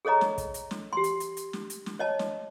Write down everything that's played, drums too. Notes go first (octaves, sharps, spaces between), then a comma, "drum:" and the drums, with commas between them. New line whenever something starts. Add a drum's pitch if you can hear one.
G#4 A4 C#5 D#5 A#5
drum: snare
drum: kick, hi-hat
drum: hi-hat
drum: snare
G4 C6
drum: hi-hat
drum: hi-hat
drum: hi-hat
drum: snare
drum: hi-hat
drum: snare
C#5 D#5 A5
drum: snare